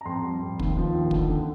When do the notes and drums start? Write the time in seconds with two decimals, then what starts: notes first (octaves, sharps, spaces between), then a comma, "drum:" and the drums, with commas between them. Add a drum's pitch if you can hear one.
0.01 A#5
0.06 F2 C6
0.24 G3
0.42 F2
0.59 D#2, drum: kick
0.77 F3
0.94 D#2
1.11 D2, drum: kick
1.29 D3